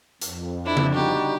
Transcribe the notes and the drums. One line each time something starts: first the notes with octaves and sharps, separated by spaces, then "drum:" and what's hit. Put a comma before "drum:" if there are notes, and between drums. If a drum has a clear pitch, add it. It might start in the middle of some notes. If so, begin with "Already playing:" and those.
F2, drum: hi-hat
D4 E4
drum: tom C#3
G3 D#4 F#4 G4